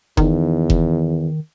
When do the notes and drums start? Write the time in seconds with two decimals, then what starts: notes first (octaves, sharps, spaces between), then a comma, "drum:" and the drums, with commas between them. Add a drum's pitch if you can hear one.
0.17 E2 D#3, drum: kick F1
0.70 drum: kick F1